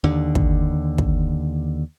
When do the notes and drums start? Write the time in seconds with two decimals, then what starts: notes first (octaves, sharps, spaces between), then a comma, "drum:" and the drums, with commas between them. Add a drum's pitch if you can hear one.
0.04 D#2 D3
0.35 drum: kick
0.98 drum: kick